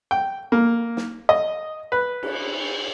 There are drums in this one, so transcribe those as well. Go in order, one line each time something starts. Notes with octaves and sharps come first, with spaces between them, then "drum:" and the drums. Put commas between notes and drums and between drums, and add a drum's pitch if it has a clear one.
G5
A#3
drum: snare
D#5
B4
drum: cymbal